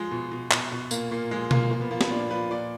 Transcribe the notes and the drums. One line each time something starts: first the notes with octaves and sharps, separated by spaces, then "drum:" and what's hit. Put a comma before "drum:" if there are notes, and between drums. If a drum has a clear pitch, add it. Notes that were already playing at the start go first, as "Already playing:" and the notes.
Already playing: F3 G#3
B2
B2
B2, drum: clap
B2
A#2 A#3, drum: tambourine
A#2 A#3
F3 G#3
A#2 A#3, drum: tom B2
F3 A#3
B3
F3 A#3
B3, drum: snare
A#2 D4
F3 B4
A#2 D5